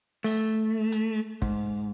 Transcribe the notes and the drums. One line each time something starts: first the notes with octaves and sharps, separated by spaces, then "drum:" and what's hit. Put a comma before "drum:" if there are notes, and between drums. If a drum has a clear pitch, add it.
A3, drum: open hi-hat
drum: hi-hat
G#2, drum: kick